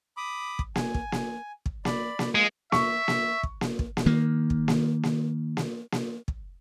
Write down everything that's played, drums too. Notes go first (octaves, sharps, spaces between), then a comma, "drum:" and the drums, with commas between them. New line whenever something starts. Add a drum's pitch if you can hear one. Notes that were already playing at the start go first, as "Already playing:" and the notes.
B5 D6 D#6
drum: kick
G#5, drum: snare A#3
drum: kick
drum: snare A#3
drum: kick
D5 B5, drum: snare A#3
drum: snare A#3
G#3 F4
E5 C#6, drum: snare A#3
drum: snare A#3
drum: kick
drum: snare A#3
drum: kick
drum: snare A#3
D#3 A#3
drum: kick
drum: snare A#3
drum: snare A#3
drum: snare A#3
drum: snare A#3
drum: kick